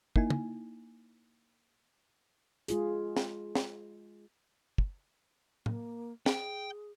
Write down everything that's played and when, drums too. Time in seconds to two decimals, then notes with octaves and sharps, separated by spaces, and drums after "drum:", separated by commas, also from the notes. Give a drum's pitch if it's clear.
0.16 A#3 D#4 E4 G#5, drum: kick
0.30 drum: tom
2.68 G#3 F4 G#4, drum: hi-hat
3.17 drum: snare
3.55 drum: snare
4.78 drum: kick
5.66 A#3, drum: tom A2
6.26 G#4 G5, drum: snare